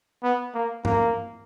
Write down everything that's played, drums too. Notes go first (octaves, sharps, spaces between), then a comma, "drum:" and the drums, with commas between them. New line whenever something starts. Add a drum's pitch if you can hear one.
B3
A#3
A#3, drum: tom G2